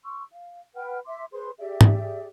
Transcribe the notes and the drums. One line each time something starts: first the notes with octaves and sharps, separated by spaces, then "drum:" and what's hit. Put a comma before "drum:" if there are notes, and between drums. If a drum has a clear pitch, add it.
C6 C#6 E6
F5
B4 F#5 G5 F6
E5 C6 D6
G#4 B4 C5 C6
G4 G#4 D5 E5
drum: tom G#2